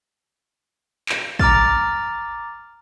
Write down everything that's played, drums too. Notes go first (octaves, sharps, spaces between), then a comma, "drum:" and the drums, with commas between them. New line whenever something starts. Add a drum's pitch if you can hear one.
drum: clap
A#5 D6 F6 A6, drum: kick